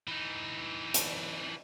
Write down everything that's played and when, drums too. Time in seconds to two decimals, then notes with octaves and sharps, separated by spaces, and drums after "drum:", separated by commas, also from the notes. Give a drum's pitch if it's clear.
0.08 E3 D#4
0.94 drum: hi-hat